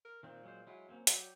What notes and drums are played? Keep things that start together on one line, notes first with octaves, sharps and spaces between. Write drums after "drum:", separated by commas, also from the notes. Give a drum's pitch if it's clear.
A#4
A#2 D#3 C4
F#3 G#3 C5
F#3 G#3 E4 F4
A#3 C4 C#4
F#3 D5 G5, drum: hi-hat